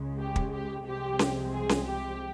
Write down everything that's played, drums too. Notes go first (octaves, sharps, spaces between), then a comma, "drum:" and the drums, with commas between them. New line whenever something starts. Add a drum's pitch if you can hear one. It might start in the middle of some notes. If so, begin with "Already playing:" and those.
Already playing: C#2 C#3 G#3
G4
drum: kick
G4
C2 C3 F3 G#3 C4 G4
drum: snare C#4
G#4
drum: snare C#4
G4